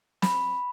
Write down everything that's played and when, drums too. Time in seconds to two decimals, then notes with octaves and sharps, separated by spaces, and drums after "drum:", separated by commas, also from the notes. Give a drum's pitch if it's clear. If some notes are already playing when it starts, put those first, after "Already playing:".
0.22 B5, drum: snare